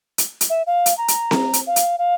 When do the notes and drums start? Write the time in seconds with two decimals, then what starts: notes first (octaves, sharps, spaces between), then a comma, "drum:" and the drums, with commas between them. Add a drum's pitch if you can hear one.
0.18 drum: hi-hat
0.41 drum: hi-hat
0.50 E5
0.67 F5
0.86 drum: hi-hat
0.98 A#5
1.08 drum: hi-hat
1.31 drum: snare C4
1.53 drum: hi-hat
1.67 F5
1.76 drum: hi-hat
1.99 F5